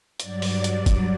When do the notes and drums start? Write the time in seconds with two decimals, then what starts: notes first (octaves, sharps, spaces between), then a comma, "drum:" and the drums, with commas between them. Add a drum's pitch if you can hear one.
0.20 G2 F#3 D5, drum: hi-hat
0.42 drum: open hi-hat
0.64 drum: hi-hat
0.86 drum: kick F#1, hi-hat